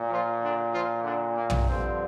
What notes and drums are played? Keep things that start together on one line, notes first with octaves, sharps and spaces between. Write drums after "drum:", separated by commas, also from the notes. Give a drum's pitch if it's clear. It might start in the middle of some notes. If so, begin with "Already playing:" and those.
Already playing: A#2
F3 F4
D3 D4
F3 F4
D3 D4
A#3
drum: tom
G2 D3 F3 C4